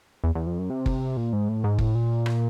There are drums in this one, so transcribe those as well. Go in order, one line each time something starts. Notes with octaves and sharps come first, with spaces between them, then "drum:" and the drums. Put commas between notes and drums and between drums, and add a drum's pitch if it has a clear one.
E2
E2
F2
F#2
C3
drum: kick
A#2
G#2
A2
G#2
A2, drum: kick
A#2
drum: rim click